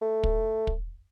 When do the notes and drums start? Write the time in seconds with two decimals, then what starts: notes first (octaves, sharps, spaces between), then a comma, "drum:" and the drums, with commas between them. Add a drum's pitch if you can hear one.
0.02 A3
0.23 drum: kick
0.67 drum: kick